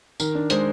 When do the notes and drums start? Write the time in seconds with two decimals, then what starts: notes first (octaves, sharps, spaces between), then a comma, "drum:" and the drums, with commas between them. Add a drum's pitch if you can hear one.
0.20 D#3 A#4, drum: tambourine
0.35 D4
0.50 G#3 C5, drum: hi-hat